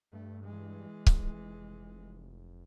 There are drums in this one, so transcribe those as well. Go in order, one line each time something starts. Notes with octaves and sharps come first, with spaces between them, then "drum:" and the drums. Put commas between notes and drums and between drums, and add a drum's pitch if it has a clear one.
G2 A3
E3 G#3
drum: kick C#1
F1